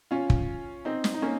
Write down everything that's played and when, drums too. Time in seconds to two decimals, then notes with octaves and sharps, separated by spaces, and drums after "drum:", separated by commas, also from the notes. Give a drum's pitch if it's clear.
0.11 C#4 F4
0.30 drum: kick
0.85 C4 D#4
1.04 drum: snare
1.14 D#4
1.22 A#3 C#4